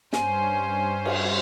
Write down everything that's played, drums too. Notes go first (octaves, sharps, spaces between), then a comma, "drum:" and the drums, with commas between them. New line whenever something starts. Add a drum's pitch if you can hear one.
G2 C#4 C5 G#5, drum: snare
drum: cymbal